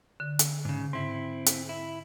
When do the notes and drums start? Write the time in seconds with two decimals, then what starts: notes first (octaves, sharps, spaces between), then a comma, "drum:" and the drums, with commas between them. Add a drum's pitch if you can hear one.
0.20 D3
0.39 drum: hi-hat
0.65 G#2 C#3
0.93 G#2 C4 E4
1.46 drum: hi-hat
1.69 E4